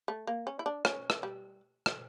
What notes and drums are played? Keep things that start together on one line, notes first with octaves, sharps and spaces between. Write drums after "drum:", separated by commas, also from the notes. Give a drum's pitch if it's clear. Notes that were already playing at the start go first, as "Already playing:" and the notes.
A3
A#3
C#4
E4
D4
C#4, drum: rim click
drum: rim click
G3
drum: rim click